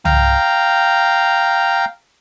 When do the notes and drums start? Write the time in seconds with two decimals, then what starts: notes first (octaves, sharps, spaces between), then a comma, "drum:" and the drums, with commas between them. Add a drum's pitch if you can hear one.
0.05 F5 G5 A#5, drum: tom